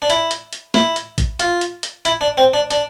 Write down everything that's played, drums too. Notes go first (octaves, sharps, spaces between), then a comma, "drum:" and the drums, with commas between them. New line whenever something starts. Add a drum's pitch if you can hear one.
D4
E4, drum: hi-hat
drum: hi-hat
drum: hi-hat
E4, drum: snare
drum: hi-hat
drum: kick A1, hi-hat
F4, drum: hi-hat
drum: hi-hat
drum: hi-hat
E4, drum: hi-hat
D4
C4
D4
D4, drum: hi-hat